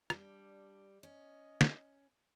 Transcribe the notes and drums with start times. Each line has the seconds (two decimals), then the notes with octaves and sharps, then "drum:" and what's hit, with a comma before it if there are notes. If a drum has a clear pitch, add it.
0.10 G3 D4, drum: rim click
1.03 C#4 D#5
1.61 drum: snare